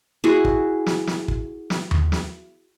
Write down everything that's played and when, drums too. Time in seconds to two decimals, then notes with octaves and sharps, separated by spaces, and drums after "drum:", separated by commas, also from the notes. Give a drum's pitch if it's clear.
0.24 E4 F#4 G#4
0.45 drum: kick
0.86 drum: snare
1.07 drum: snare
1.28 drum: kick
1.70 drum: snare
1.91 drum: tom D#2
2.12 drum: snare